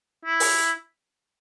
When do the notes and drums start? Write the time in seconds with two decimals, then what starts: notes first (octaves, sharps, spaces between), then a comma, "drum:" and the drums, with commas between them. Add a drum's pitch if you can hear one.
0.25 E4
0.40 drum: open hi-hat